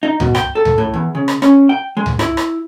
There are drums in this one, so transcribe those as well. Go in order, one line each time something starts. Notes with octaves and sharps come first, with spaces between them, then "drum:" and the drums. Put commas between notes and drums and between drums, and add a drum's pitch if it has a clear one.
D#4
B2, drum: tom C#2
G5, drum: rim click
A4
drum: tom C#2
A2
E2
C#3
drum: rim click
C#4, drum: rim click
G5
G#3
drum: tom C#2
E4, drum: rim click
drum: rim click